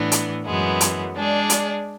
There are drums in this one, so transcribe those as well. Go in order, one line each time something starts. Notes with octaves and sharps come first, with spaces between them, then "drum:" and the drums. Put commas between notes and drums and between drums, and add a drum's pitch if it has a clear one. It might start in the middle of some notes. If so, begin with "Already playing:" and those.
Already playing: A2 E3 B3 D4
drum: hi-hat
F#2 E3 G#3 B3
drum: hi-hat
G#3 D4 G#4 D5
drum: hi-hat